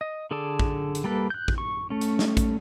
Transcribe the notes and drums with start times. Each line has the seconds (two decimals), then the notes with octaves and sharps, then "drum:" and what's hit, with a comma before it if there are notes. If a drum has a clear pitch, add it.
0.01 D#5
0.31 D3 G#4 A4 D5 A5
0.59 drum: kick
0.95 drum: hi-hat
1.04 G3 A#3 A4 B4
1.30 F#6 G6
1.48 drum: kick
1.58 C#6
1.90 A3 C#4
2.01 drum: hi-hat
2.19 drum: snare
2.37 drum: kick, hi-hat